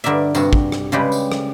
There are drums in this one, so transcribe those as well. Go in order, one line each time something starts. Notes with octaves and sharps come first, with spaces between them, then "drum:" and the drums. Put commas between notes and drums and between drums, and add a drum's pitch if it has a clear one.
G2 D3 A#4 D5 E5
G2 C3 F#4, drum: tambourine
drum: kick
drum: rim click
C#3 G3 G#3 G4 B4
drum: tambourine
drum: rim click